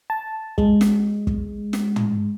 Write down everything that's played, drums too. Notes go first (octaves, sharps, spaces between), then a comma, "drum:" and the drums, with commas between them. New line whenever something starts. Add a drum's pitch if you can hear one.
A5
G#3, drum: kick
drum: snare
drum: kick
drum: snare
drum: tom